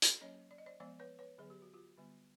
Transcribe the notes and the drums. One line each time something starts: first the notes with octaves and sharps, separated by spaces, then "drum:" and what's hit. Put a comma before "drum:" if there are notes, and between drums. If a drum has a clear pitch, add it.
drum: hi-hat
F#3 A#3 C#4 C#5 D#5
D5
D#5
C5 D5
F3 G#3 B3 C5 D5
B4 C#5
B4 C#5
D3 F#3 B3 G#4
G4
F#4
F4 G4
D3 G3 B3